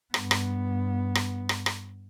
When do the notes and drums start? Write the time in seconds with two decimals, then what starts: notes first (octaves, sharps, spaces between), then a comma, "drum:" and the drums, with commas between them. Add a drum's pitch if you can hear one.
0.14 G2 B3, drum: rim click
0.31 drum: rim click
1.15 drum: rim click
1.49 drum: rim click
1.66 drum: rim click